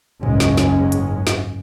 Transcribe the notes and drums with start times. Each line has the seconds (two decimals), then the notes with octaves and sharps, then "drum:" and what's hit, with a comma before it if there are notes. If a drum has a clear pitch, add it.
0.23 F#1 C#2 G#2 G#3 C#4, drum: tom A2
0.40 drum: snare
0.57 drum: snare
0.92 drum: hi-hat
1.27 drum: snare